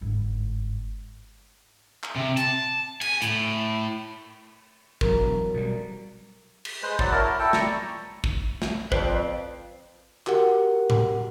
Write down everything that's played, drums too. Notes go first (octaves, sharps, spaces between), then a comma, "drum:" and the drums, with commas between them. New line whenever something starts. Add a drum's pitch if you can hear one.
G1 G#2
drum: clap
C3
A5, drum: hi-hat
G#5, drum: cymbal
A2, drum: hi-hat
E1 F#3 A#4, drum: kick
B2 G3
drum: cymbal
G#3 B4 C5
F#3 D5, drum: kick
E4 F#4 A#4 A5
A#5
E4 A4 G5 A5
D5 A#5 C#6, drum: snare
drum: kick
drum: snare
F2 B4 C5 D5, drum: kick
F#4 G4 A#4 F#5, drum: clap
drum: tom A2